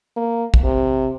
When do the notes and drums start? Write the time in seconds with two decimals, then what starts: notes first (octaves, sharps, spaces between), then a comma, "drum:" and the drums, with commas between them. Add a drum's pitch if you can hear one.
0.17 A#3
0.54 drum: kick
0.64 C3